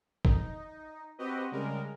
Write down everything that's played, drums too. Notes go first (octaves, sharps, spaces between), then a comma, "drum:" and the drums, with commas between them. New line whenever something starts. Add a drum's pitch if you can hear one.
D#4, drum: kick
C4 F#4 G4 B4 D#5
C#3 G3 G#3 A#4